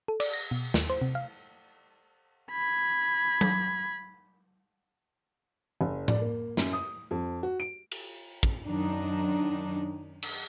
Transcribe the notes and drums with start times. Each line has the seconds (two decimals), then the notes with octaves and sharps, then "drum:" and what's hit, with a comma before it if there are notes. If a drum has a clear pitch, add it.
0.08 A4
0.20 D5, drum: cymbal
0.34 A#6
0.51 B2
0.74 D#2, drum: snare
0.90 C5
1.02 C3
1.15 F5
2.52 B5 G#6
3.41 drum: tom F#3
5.81 F#1
6.08 D5, drum: tom A2
6.22 A#3
6.57 F#2, drum: snare
6.73 D#6
7.11 F2
7.43 F#4
7.60 D7
7.92 drum: cymbal
8.43 drum: kick
8.65 F#2 D#3 D4 D#4
10.23 drum: cymbal